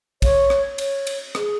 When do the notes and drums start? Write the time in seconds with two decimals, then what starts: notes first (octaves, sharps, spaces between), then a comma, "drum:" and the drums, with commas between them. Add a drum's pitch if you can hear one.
0.22 C#5, drum: kick, cymbal
0.50 drum: rim click
0.78 C#5, drum: cymbal
1.07 drum: cymbal
1.35 G#4, drum: rim click